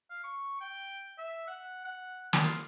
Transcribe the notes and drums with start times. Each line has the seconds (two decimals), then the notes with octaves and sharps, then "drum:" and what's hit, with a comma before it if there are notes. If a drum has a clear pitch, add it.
0.10 F5
0.24 C#6
0.61 G5
1.18 E5
1.47 F#5
1.85 F#5
2.33 F4, drum: snare